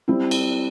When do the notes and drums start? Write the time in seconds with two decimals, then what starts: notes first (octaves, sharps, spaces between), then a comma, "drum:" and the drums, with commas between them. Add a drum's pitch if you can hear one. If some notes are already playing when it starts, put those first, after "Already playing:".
0.08 G3 C4 E4
0.31 drum: cymbal